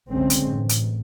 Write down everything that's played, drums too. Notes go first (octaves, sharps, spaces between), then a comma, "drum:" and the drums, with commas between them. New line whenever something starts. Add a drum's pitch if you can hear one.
F#1 C2 D3 G#3 C4 C#4
drum: hi-hat
A1
drum: hi-hat